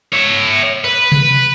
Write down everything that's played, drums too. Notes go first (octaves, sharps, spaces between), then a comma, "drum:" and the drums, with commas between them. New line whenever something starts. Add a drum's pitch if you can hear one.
C#5 E5
B4
drum: tom C3